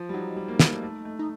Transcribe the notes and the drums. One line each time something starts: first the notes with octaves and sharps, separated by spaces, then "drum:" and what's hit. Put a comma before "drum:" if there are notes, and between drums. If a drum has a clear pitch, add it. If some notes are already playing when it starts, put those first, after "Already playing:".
Already playing: F3
G3
F#3 D#4
G3
A#3
A#3, drum: snare
A3
A3
A3
D#4